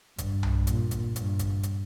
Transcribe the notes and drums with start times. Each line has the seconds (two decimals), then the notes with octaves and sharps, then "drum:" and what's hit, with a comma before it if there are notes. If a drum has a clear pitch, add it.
0.18 G2, drum: kick G#1, hi-hat
0.43 drum: tom B1
0.67 A#2, drum: hi-hat
0.91 drum: kick G#1, hi-hat
1.16 G2, drum: hi-hat
1.39 drum: kick G#1, hi-hat
1.63 drum: hi-hat